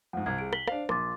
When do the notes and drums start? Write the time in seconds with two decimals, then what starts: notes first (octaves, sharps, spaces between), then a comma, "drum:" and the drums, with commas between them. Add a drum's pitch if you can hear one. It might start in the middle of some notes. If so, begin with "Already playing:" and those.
0.13 F2 G#2 F#5
0.26 C2 G#6
0.38 G#4 D7
0.53 B6 F#7 G7, drum: rim click
0.68 D4 C5 F5, drum: rim click
0.89 A#1 A#2 C6 D6 A6, drum: rim click